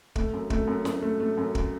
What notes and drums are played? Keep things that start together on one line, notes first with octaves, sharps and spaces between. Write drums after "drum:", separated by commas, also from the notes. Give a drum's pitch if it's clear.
A3, drum: kick
F#2
A3, drum: kick
F#2
F#2, drum: snare
A3
A3
F#2
drum: kick